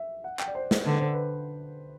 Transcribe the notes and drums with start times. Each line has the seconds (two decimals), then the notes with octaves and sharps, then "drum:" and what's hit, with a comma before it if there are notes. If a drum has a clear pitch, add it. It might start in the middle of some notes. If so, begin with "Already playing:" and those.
Already playing: E5
0.24 F#5
0.39 G5, drum: clap
0.48 D5
0.55 C5
0.71 C5, drum: snare
0.86 D3 B4
0.99 C5
1.13 B4